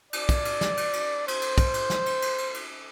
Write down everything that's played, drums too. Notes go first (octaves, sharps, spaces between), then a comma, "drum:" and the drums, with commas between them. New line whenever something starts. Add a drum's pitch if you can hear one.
D5, drum: cymbal
drum: kick, cymbal
drum: cymbal
drum: snare
drum: cymbal
drum: cymbal
C5, drum: cymbal
drum: cymbal
drum: kick, cymbal
drum: cymbal
drum: snare
drum: cymbal
drum: cymbal
drum: cymbal
drum: cymbal